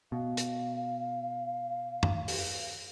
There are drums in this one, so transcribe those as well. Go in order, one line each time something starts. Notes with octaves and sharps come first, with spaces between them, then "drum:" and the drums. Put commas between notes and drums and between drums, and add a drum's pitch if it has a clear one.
B2 F5
drum: hi-hat
drum: tom
drum: open hi-hat